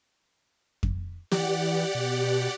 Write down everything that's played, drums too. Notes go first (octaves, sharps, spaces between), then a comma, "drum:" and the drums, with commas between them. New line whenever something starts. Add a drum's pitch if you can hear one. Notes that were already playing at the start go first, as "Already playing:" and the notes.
drum: kick F2
E3 G4 D5 F#5, drum: snare
B2